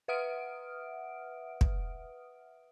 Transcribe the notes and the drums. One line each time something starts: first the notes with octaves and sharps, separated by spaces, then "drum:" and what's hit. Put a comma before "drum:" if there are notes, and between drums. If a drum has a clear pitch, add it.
B4 E5 F#5 D#6 F6 D7
drum: kick